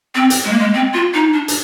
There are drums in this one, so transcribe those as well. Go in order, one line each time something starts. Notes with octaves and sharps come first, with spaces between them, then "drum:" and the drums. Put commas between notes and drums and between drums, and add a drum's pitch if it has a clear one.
C4
drum: hi-hat
G#3
A#3
G#3
C4
F4
D#4
D4
drum: hi-hat